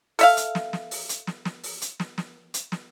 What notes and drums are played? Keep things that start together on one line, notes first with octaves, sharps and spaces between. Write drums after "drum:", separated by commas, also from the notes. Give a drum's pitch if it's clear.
A4 E5 F5, drum: open hi-hat
drum: hi-hat
drum: snare
drum: snare
drum: open hi-hat
drum: hi-hat
drum: snare
drum: snare
drum: open hi-hat
drum: hi-hat
drum: snare
drum: snare
drum: hi-hat
drum: snare